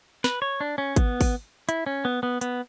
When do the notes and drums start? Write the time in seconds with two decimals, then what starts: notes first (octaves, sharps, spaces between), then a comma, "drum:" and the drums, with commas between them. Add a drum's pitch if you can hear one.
0.24 B4, drum: snare
0.42 C#5
0.61 D4
0.78 C#4
0.96 B3, drum: kick G#1, hi-hat
1.21 drum: kick G#1, open hi-hat
1.69 E4, drum: hi-hat
1.86 C#4
2.05 B3
2.23 B3
2.41 B3, drum: hi-hat